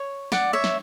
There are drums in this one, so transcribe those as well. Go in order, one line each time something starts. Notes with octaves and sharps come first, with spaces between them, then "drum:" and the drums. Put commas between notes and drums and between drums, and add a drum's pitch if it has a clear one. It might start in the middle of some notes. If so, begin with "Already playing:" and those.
Already playing: C#5
D5 F#5, drum: snare
C#5 E5
drum: snare